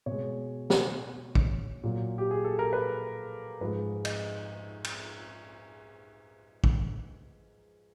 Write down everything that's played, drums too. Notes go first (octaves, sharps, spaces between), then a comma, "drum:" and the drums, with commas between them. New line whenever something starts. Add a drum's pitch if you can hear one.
B2 G#3 C#5
drum: snare
drum: kick
A#2 F#3
G4
G#4
A4
A#4
B4
G#2 F3 G#3 B4
D#5, drum: cymbal
drum: cymbal
drum: kick